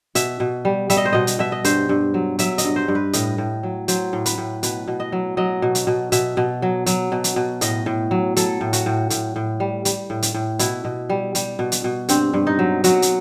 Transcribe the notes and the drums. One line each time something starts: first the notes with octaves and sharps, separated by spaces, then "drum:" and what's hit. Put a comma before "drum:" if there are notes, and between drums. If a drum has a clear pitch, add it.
B2 E5, drum: hi-hat
B2
G3
G3 E5, drum: hi-hat
D#5
C5
B2 D#5
drum: hi-hat
B2 E5
D#5
G2 C5, drum: hi-hat
G2
F#3
F#3 E5, drum: hi-hat
D#5, drum: hi-hat
G2
C5
G2
B4
A2 D#5, drum: hi-hat
A2
F#3
F#3 C5, drum: hi-hat
A2
B4, drum: hi-hat
A2
B2 B4, drum: hi-hat
B2
D#5
F#3
F#3 D#5
B2
drum: hi-hat
B2
B2 E5, drum: hi-hat
B2
F#3
F#3, drum: hi-hat
B2
drum: hi-hat
B2
A2 D#5, drum: hi-hat
A2
F#3
F#3 A4, drum: hi-hat
A2
F#4, drum: hi-hat
A2
A2, drum: hi-hat
A2
G3
G3, drum: hi-hat
A2
drum: hi-hat
A2
B2 E4, drum: hi-hat
B2
G3
G3, drum: hi-hat
B2
drum: hi-hat
B2
G2 C4, drum: hi-hat
G2
D#4
F#3
F#3 F#4, drum: hi-hat
drum: hi-hat